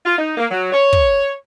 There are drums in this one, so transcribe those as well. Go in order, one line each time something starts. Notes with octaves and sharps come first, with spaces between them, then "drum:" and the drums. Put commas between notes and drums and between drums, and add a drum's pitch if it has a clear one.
F4
D#4
A#3
F#3
C#5
drum: kick